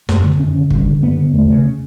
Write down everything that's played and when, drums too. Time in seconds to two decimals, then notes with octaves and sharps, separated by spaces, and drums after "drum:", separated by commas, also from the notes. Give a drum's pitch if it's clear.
0.09 F#2, drum: snare
0.24 D3
0.39 F#2 C#4
0.55 D3
0.70 G2, drum: kick
0.86 D3
1.02 G2 B3
1.18 D3
1.33 E2 A3
1.50 C#3